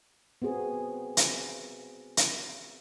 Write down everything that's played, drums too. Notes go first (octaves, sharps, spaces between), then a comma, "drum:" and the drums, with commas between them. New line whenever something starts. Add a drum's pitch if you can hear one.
B3 C4 F#4 G#4
drum: hi-hat
drum: hi-hat